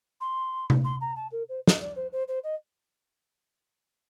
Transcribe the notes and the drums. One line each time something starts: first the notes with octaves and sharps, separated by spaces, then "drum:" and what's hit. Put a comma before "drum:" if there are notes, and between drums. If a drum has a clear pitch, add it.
C6
drum: tom C3
C6
A#5
A5
A#4
C5
D#5, drum: snare
D5
C5
C5
C5
D#5